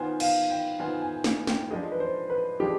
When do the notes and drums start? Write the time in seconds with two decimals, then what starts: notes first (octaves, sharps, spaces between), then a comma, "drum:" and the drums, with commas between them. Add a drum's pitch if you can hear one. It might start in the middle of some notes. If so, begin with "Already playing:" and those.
Already playing: D#3 B3 F4 C5 G#5
0.20 F5, drum: cymbal
0.50 G5
0.80 D#3 B3 F4 C5 G#5
1.02 G#5
1.24 G#5, drum: snare
1.47 G5, drum: snare
1.71 F3 G#3 D4 G#4 D#5
1.91 B4
2.00 C5
2.30 B4
2.60 F3 G#3 D4 G4 G#4